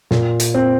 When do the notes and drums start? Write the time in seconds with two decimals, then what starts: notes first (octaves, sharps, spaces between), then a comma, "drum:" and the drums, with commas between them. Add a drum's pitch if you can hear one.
0.11 A#2, drum: snare
0.40 drum: hi-hat
0.54 C4